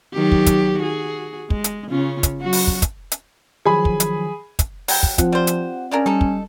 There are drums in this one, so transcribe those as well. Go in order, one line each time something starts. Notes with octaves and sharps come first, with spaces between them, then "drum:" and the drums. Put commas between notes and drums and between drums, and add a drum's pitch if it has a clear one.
D#3 F#3 G4
drum: kick
drum: kick, hi-hat
F#4 G#4
G#3, drum: kick
drum: hi-hat
C#3 C#4 F4
drum: kick, hi-hat
F#3 F#4
drum: open hi-hat
drum: kick
drum: kick, hi-hat
drum: hi-hat
D#3 F3 F#3 G#4 G#5 B5
drum: kick
drum: hi-hat
drum: kick, hi-hat
F#3 G5, drum: open hi-hat
drum: kick
F3 C4 F4 F#5, drum: kick, hi-hat
G3 C5
drum: hi-hat
C#3 C#4 D4 A#4
G3 D#4 A4
drum: kick